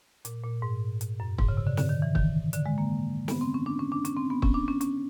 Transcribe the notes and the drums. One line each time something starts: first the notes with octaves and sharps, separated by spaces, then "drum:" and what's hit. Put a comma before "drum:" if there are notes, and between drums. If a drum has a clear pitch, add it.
A#2, drum: hi-hat
A#2
G#2
drum: hi-hat
F#2
G#2, drum: kick
C#3
C3
D3
D3, drum: snare
D#3
E3
D#3, drum: kick
D3, drum: hi-hat
G#3
A#3
B3, drum: snare
C4
C#4
D4
C#4
D4
C#4, drum: hi-hat
C4
B3
C#4, drum: kick
D4
C#4
C#4, drum: hi-hat